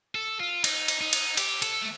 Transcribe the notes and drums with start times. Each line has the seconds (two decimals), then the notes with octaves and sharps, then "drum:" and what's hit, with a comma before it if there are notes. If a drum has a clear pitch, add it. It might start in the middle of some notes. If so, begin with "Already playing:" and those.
0.15 A4
0.40 F4
0.64 D#4, drum: cymbal
0.88 drum: cymbal
1.01 D#4
1.13 drum: cymbal
1.37 G4, drum: cymbal
1.62 A4, drum: cymbal
1.82 A3